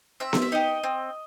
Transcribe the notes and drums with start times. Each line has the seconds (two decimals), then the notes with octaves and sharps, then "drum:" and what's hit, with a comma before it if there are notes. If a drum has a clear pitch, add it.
0.20 C4 E5
0.33 drum: snare B3
0.42 E5
0.52 D#4 G4 D#5
0.84 C4